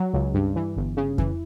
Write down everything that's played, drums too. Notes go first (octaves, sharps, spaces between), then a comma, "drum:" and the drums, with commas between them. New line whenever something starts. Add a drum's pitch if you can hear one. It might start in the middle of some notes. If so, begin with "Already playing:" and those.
Already playing: F#3
C#2
G2
E3
G1
C#3
E3, drum: kick F2